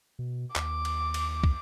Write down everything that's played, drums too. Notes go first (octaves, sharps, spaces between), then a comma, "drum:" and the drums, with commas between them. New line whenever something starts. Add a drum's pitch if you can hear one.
B2
D#2 D6, drum: clap
drum: cymbal
drum: cymbal
drum: kick